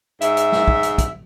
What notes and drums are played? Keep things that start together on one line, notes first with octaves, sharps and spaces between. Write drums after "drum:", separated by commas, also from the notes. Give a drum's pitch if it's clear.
G#2 E5, drum: hi-hat
drum: hi-hat
drum: snare
drum: kick
drum: hi-hat
drum: kick, hi-hat